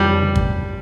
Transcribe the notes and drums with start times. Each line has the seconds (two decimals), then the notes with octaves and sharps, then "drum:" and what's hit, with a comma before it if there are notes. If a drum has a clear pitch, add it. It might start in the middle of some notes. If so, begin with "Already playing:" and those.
Already playing: F2 G3
0.22 C#3
0.35 drum: kick